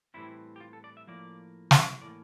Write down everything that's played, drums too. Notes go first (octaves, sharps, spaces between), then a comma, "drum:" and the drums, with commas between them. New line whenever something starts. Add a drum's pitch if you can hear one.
A2 E3 G3 C4 E4
G4
F4
A4
D5
E5
A2 F3 A#3 D5
drum: snare
A2 E3 A#3 D5